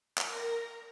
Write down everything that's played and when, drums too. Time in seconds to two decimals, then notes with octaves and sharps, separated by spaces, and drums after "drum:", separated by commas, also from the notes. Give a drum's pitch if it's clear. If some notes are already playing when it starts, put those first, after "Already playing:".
0.18 A#4 A#5, drum: clap